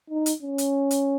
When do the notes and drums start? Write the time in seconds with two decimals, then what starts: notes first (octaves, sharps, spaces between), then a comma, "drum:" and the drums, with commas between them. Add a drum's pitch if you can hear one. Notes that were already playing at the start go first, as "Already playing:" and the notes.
0.10 D#4
0.26 drum: hi-hat
0.42 C#4
0.58 drum: hi-hat
0.91 drum: hi-hat